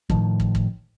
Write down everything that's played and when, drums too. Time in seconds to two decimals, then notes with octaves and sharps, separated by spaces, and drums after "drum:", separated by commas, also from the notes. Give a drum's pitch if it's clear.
0.10 A2 D#3 F3, drum: kick
0.40 drum: kick
0.55 drum: kick